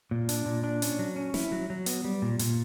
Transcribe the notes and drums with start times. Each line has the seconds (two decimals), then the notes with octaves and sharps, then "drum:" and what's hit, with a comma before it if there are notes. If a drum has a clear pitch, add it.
0.11 A#2
0.29 D4, drum: hi-hat
0.46 A#2
0.64 D4
0.82 C#4, drum: hi-hat
0.99 F#3
1.16 C#4
1.34 E4, drum: snare
1.52 F#3
1.70 F#3
1.86 B3, drum: hi-hat
2.05 G3
2.22 A#2
2.39 A#2, drum: hi-hat